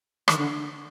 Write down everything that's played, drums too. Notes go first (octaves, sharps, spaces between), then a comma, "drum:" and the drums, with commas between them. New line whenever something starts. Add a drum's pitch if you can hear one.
D#3, drum: rim click
D3